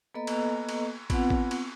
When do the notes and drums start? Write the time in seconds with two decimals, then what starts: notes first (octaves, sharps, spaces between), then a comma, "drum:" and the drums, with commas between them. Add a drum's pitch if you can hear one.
0.14 A#3 B3 A4 B4 D#5 A#5
0.27 drum: cymbal
0.69 drum: cymbal
1.10 B3 C4 F4 B4 F#5, drum: kick, cymbal
1.30 drum: kick
1.51 drum: cymbal